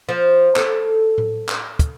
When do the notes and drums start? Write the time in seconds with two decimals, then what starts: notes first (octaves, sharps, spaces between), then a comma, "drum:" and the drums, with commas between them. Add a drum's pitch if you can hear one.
0.09 F3
0.56 A4, drum: clap
1.18 drum: tom A2
1.49 drum: clap
1.79 drum: kick, hi-hat